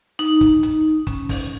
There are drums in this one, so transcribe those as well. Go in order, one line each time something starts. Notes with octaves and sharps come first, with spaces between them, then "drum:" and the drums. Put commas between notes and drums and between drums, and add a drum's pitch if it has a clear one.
D#4, drum: hi-hat
drum: kick, hi-hat
drum: hi-hat
C#4, drum: kick, hi-hat
drum: kick, open hi-hat